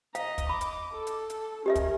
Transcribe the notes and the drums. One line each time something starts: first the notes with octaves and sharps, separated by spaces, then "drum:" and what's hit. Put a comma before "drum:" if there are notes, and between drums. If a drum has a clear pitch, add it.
D#5 F5 A#5, drum: hi-hat
drum: kick, hi-hat
B5 D6
drum: hi-hat
A4
drum: hi-hat
drum: hi-hat
C#4 G4 A#4 D#5 E5
drum: kick, hi-hat